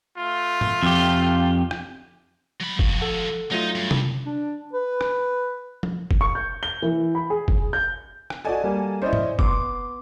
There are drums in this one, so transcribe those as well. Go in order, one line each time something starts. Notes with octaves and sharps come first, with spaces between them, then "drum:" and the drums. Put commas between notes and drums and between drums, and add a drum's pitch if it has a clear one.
A3 F4
drum: tom G#2
F2 G4
drum: rim click
F#3 B5
F3 F#4, drum: kick
A4 F#5
F#3 A3 D#4 F4
G2
drum: tom C3
D4
B4
drum: rim click
drum: tom F3
drum: kick
C#6
G6
G7
E3
B5
G#4
drum: kick
G6
drum: rim click
F#4 A4 D5 D#5 G#5
G3 A#3
C#4 E4 C5 D5 D#5
drum: tom G#2
B3 C6 D6, drum: kick